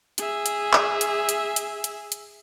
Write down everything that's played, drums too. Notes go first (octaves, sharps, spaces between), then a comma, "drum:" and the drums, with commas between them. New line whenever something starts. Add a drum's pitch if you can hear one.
G#4 E5, drum: hi-hat
drum: hi-hat
drum: clap
drum: hi-hat
drum: hi-hat
drum: hi-hat
drum: hi-hat
drum: hi-hat